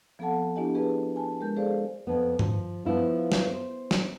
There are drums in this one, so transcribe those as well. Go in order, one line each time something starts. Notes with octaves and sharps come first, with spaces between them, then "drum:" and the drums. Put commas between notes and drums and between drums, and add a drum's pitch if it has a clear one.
F3 B3 C4 A4 F#5 A5
B3 D4 E4 G4 D#5 G#5
G#4 B4 D#5 A5
G#5 A5
G#3 A#4 G6
G#4 A4 C5 D5 F5
F2 B3
F3, drum: tom G2
F3 B3 E4 F4
drum: snare
C5
drum: snare